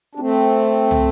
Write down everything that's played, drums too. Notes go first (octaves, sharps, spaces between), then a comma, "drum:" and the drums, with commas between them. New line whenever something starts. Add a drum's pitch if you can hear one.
D4
A3 C4
drum: tom